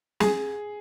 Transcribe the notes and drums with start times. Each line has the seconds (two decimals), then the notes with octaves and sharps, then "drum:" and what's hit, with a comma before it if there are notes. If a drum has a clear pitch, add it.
0.20 G#4, drum: snare